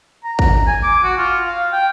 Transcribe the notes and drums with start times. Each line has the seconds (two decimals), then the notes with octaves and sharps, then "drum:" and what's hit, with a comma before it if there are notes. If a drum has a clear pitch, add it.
0.24 A#5
0.39 drum: kick
0.67 G#5
0.83 D6
1.03 F#4
1.18 F4
1.46 F5
1.72 G5